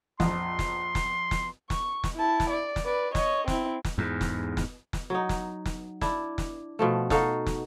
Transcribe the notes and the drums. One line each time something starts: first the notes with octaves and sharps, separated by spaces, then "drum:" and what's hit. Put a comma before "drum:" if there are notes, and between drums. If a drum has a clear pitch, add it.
A#1 F2 C6, drum: snare
drum: snare
drum: snare
drum: snare
C#6, drum: snare
drum: snare
E4 A5
drum: snare
D5
drum: snare
B4 D5
C#5 D#5, drum: snare
C4 E4, drum: snare
drum: snare
E2 G#2
drum: snare
drum: snare
drum: snare
F#3 D#4
drum: snare
drum: snare
D4 E4, drum: snare
drum: snare
B2 F3 A3
D#4 F#4 A4 F5, drum: snare
drum: snare